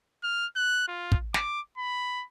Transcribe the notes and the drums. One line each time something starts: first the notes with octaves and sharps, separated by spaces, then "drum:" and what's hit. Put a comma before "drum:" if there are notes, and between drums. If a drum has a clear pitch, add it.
F6
F#6
F4
drum: kick
D6, drum: snare
B5